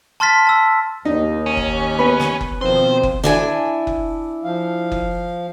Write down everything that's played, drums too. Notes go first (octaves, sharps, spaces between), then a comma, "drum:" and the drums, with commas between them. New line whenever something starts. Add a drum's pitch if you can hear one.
A5 C6 F6 A6 B6
A5 E6
D#2 D#4
C#4
drum: kick F#1
B3 B4
drum: snare
drum: kick F#1
B2 D#3 F3 C4 C5 C6
drum: kick F#1
D4 E4 G#5, drum: snare
drum: kick F#1
F3 F5
drum: kick F#1